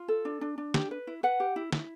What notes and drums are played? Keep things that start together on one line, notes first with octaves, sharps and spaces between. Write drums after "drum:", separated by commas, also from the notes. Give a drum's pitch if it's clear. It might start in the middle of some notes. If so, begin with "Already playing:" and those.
Already playing: F4
A4
D4
D4
D4
G4, drum: snare
B4
E4
B4 F#5
G4
E4
E4, drum: snare